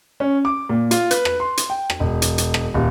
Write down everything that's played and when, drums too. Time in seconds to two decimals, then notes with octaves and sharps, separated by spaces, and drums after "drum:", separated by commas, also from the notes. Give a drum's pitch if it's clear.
0.20 C#4
0.45 D6
0.69 A#2
0.91 F4, drum: hi-hat
1.11 B4, drum: hi-hat
1.25 drum: rim click
1.40 C6
1.57 drum: hi-hat
1.70 G5
1.90 drum: rim click
2.00 E1
2.22 drum: hi-hat
2.38 drum: hi-hat
2.54 drum: rim click
2.74 D#1